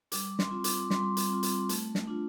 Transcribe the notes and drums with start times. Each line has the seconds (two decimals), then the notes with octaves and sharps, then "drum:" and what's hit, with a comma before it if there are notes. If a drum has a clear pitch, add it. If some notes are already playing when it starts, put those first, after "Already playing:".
0.12 G3 D6, drum: hi-hat
0.39 C6, drum: snare
0.51 C4 F4
0.64 D6, drum: hi-hat
0.90 G3 C6, drum: snare
1.17 drum: hi-hat
1.30 C4 F4
1.43 drum: hi-hat
1.69 A3, drum: hi-hat
1.95 drum: snare
2.07 D4 F4